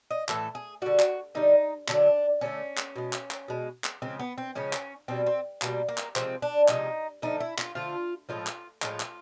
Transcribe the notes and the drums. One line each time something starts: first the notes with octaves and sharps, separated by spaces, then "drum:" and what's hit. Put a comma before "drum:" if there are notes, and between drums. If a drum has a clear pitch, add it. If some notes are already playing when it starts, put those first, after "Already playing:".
D#5
A2 E3 A3 A4, drum: clap
G#4
D3 G3 F#4
drum: clap
D3 G3 D#4
D3 F#3 A3 D4, drum: clap
D3 F#3 A3 C#4
drum: clap
B2 G#3
drum: clap
drum: clap
B2 G#3
drum: clap
C#3 F3 G#3 C4
B3
C4
C#3 F3 G#3 C#4
drum: clap
B2 G3 C4
C4
B2 G3 A#3, drum: clap
A#3
drum: clap
C3 F3 G#3 C4, drum: clap
D4
C3 F3 G#3 D#4, drum: clap
D3 F3 A3 D#4
E4
F4, drum: clap
D3 F3 A3 F4
A2 F3 G#3 F4
drum: clap
A2 F3 G#3 F4, drum: clap
drum: clap